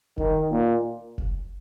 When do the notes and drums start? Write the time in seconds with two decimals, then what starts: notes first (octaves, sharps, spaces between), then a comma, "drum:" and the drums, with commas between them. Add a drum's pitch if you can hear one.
0.18 D#3, drum: kick F1
0.51 A#2
1.18 drum: kick F1